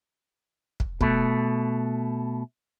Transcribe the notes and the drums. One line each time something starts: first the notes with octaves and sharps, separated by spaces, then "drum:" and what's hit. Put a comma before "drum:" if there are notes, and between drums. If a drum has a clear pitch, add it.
drum: kick
B2 A3, drum: kick